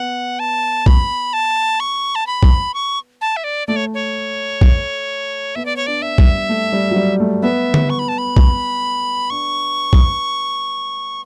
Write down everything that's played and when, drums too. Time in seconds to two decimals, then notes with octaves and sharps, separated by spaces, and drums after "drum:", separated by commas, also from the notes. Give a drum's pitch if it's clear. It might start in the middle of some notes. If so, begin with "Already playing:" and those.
Already playing: B3 F#5
0.39 A5
0.86 B5, drum: kick
1.33 A5
1.80 C#6
2.15 A5
2.27 B5
2.43 drum: kick
2.74 C#6
3.21 A5
3.37 E5
3.44 D5
3.68 A3 D5
3.76 C#5
3.94 C#5
4.61 drum: kick
5.55 B3 E5
5.65 D5
5.76 C#5
5.87 D4 D5
6.02 E5
6.18 G3, drum: kick
6.49 A3
6.73 G3
6.91 F#3
6.96 G3
7.20 A3
7.42 B3 E5
7.74 drum: tom D3
7.90 C#6
7.99 B5
8.09 A5
8.18 B5
8.37 drum: kick
9.30 D4 C#6
9.93 drum: kick